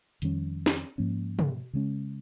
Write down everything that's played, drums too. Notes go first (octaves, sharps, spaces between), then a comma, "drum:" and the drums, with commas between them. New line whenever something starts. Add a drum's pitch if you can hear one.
F2 D#3 G3 C#4, drum: hi-hat
drum: snare
G#2 F3 A#3 C#4
drum: tom
C#3 G#3 C#4